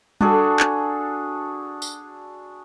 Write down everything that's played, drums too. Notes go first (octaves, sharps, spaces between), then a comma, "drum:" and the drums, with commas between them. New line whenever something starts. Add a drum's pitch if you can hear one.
D4 F#4 G#4 A4, drum: tom G3
drum: clap
drum: tambourine